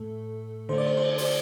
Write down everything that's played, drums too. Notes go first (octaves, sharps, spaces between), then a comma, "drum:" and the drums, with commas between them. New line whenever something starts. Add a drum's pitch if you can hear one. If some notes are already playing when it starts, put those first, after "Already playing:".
Already playing: A2 A3 A4
D3 A3 C5, drum: cymbal
D5
C5
C5, drum: cymbal
C5, drum: open hi-hat
D5